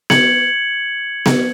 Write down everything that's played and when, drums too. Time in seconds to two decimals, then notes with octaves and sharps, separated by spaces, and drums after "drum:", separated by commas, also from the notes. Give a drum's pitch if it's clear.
0.10 G#6 C#7 F#7, drum: snare B3
1.26 drum: snare B3